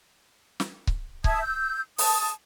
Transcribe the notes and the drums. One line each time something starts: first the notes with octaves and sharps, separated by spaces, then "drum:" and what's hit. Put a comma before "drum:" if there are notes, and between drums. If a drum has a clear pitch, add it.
drum: snare
drum: kick C#1
E5 A5 D#6 G#6, drum: kick C#1
E6 G6
A5 D#6, drum: open hi-hat